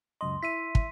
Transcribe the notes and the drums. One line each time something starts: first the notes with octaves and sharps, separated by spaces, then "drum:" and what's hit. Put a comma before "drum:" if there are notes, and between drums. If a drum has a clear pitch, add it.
C#2 F#2 D#5 C6
E4 E5 B6 D#7
drum: kick